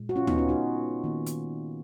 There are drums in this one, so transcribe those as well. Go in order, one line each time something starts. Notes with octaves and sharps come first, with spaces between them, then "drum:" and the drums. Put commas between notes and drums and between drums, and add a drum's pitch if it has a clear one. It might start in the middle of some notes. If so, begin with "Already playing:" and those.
Already playing: A#2 G#3
F#4
C#4 F4
B3 D#4, drum: tom
C#4 F4
D#4 F#4
D#3 A#3
drum: hi-hat